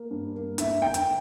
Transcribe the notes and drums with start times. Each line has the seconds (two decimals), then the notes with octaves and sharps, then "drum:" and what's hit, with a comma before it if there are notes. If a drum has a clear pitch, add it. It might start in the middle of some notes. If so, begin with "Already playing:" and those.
Already playing: A#3
0.11 G2
0.35 A#3
0.58 D3 E5, drum: hi-hat
0.82 D3 G5
0.94 drum: hi-hat